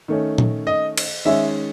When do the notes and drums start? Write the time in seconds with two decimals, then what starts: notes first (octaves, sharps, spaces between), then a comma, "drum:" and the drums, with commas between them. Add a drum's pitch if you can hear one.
0.08 D#3 A3 C#4
0.38 drum: tom A#2
0.67 D#5
0.98 drum: cymbal
1.25 D#3 G#3 C#4 E5